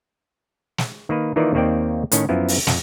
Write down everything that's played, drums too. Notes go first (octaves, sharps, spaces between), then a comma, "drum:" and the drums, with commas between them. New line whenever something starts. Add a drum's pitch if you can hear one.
drum: snare
D#3 A#3 B4
D#3 E3 A#3 D#4 F4 D5
D#2 D#3 A#3 C4 D5 G5
A2 D#3 C#4, drum: hi-hat
F#2 F3 B3 E4
drum: open hi-hat
F2, drum: snare